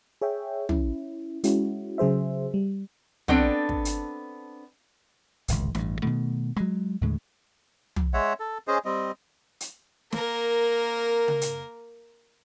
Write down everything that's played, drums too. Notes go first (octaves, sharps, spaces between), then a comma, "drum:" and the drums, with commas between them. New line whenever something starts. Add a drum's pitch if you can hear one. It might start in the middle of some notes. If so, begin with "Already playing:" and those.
G#4 C#5 E5 G5
C#4 E4, drum: tom
G#3 C#4 E4 F#4, drum: hi-hat
C#3 F#3 G#4 C5 E5
G3
B3 C4 D4 A4, drum: tom
drum: kick
drum: hi-hat
D1 G#1 C#2, drum: hi-hat
A1 G2, drum: snare
B2 D#3 A3
F#3 G#3, drum: rim click
D#2 A2 D3 G#3
drum: tom
G#3 C#5 E5 F#5
A4
C#4 G#4 C5 D#5
G3 C4 D#5
drum: hi-hat
A#3 A#4, drum: snare
drum: tom C#3
drum: hi-hat